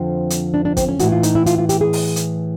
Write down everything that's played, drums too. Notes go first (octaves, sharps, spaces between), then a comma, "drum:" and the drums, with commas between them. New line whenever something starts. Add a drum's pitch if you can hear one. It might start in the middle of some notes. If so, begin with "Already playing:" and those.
Already playing: F2 D3 F3 C4
drum: hi-hat
D4
D4
C4, drum: kick A1, hi-hat
C#4
A2 E3 F#4, drum: hi-hat
F4
D#4, drum: hi-hat
E4
F4, drum: hi-hat
F4
G4, drum: hi-hat
G#4
drum: open hi-hat
drum: hi-hat